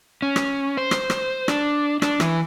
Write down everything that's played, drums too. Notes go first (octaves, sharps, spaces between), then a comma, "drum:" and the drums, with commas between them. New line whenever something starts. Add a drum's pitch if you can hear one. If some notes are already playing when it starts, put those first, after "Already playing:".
C#4
drum: rim click
C5
drum: rim click
drum: rim click
D4, drum: rim click
D4, drum: rim click
E3, drum: rim click